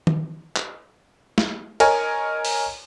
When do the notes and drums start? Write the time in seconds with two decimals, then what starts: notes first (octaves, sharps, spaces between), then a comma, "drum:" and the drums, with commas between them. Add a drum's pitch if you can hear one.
0.07 drum: tom D#3
0.56 drum: clap
1.38 drum: snare
1.80 A#4 C#5 D#5 G#5, drum: cymbal
2.45 drum: open hi-hat